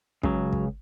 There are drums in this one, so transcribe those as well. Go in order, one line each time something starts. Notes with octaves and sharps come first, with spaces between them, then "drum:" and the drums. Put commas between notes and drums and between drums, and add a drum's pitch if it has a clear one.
C#2 C#3 F#3, drum: kick
drum: kick